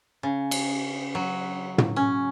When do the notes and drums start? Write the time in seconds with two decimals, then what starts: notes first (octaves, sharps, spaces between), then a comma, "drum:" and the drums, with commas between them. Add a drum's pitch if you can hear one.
0.23 C#3
0.51 drum: cymbal
1.15 F#3
1.78 drum: tom
1.96 C#4